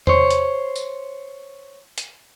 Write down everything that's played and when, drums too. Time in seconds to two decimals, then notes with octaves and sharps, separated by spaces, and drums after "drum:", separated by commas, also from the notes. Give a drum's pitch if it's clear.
0.07 C5 C#5, drum: tom E2
0.31 drum: hi-hat
0.76 drum: tambourine
1.98 drum: hi-hat